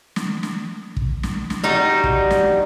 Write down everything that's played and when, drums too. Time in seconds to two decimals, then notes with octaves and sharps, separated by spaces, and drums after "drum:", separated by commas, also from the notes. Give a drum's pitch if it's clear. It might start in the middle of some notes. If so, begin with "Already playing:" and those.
0.16 drum: snare
0.43 drum: snare
0.97 drum: kick
1.23 drum: snare
1.50 drum: snare
1.63 G3 D#4 F#4
2.04 drum: kick
2.30 drum: snare